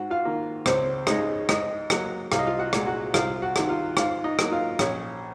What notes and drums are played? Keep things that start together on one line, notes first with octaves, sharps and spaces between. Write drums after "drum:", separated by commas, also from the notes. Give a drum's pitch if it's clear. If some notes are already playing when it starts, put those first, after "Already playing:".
Already playing: G#2 F#4
F4 F5
D#3 A#3
C#2 C4 C5, drum: rim click
C#3 G#3 D#4 D#5, drum: rim click
G#2 D#4 D#5, drum: rim click
F#3 A#3, drum: rim click
C2 F5, drum: rim click
D#5
F4 F5
F#4 F#5
A#2 G#3, drum: rim click
F#4 F#5
C2 F4 F5, drum: rim click
F#4 F#5
C3 D#3, drum: rim click
F4 F5
G#2 F4 F5, drum: rim click
D#4 D#5
F#3 A#3, drum: rim click
F4 F5
A#1 C#4 C#5, drum: rim click